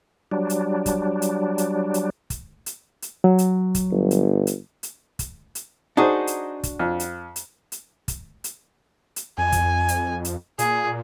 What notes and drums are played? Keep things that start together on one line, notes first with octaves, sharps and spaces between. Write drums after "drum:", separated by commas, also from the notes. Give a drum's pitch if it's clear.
F#3 G3 D4
drum: hi-hat
drum: kick, hi-hat
drum: hi-hat
drum: hi-hat
drum: hi-hat
drum: kick, hi-hat
drum: hi-hat
drum: hi-hat
F#3
drum: hi-hat
drum: kick, hi-hat
G1
drum: hi-hat
drum: hi-hat
drum: hi-hat
drum: kick, hi-hat
drum: hi-hat
D4 D#4 F#4 G#4 C5
drum: hi-hat
drum: kick, hi-hat
F2
drum: hi-hat
drum: hi-hat
drum: hi-hat
drum: kick, hi-hat
drum: hi-hat
drum: hi-hat
F2 G#5
drum: kick, hi-hat
drum: hi-hat
drum: hi-hat
A#2 G#4, drum: hi-hat